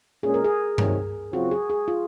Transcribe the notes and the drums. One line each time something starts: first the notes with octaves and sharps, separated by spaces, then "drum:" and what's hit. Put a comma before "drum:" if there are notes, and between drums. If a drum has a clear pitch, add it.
A#2 G#3 C#4 G#4
A#4
G#4
C3 D#3 F#3, drum: tom G2
C#3 F#3 C4 F4 F#4
G#4
G#4
F4